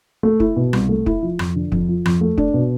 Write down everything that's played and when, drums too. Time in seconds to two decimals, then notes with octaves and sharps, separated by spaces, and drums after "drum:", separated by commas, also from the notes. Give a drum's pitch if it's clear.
0.23 A3
0.40 E4, drum: kick
0.56 B2
0.73 C2, drum: rim click
0.89 A3
1.06 E4, drum: kick
1.23 F3
1.39 F2, drum: rim click
1.56 D3
1.72 F2, drum: kick
1.88 F3
2.05 F2, drum: rim click
2.21 A3
2.38 D4, drum: kick
2.54 B2